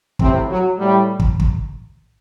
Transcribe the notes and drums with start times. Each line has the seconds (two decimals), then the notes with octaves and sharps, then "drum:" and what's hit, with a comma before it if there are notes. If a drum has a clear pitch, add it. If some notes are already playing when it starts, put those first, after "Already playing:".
0.19 A2 C3 C4, drum: kick
0.49 F#3
0.79 A2 G3
1.20 drum: kick
1.40 drum: kick